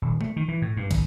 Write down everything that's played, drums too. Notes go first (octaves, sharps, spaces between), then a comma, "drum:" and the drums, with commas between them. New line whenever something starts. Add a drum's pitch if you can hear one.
D#1
A3, drum: tom C3
D#3
E3
A2
G2
G#1, drum: kick, cymbal